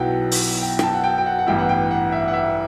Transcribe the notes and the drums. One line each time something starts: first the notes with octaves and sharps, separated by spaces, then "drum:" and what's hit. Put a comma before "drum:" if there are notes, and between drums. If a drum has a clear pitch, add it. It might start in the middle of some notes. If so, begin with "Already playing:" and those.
Already playing: B1 B2 F#3 B3 E4 F#5 G5
drum: open hi-hat
G5
G5, drum: rim click
A5
F#5
G5
G5
F#5
F#5
A1 G2 E3 B3 E4 G5
F#5
G5
F#5
E5
F#5
E5